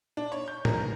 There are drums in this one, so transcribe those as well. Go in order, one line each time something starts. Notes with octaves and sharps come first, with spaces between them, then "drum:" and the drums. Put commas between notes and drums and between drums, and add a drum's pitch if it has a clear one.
D4
C#5
G6
A#4, drum: tom A2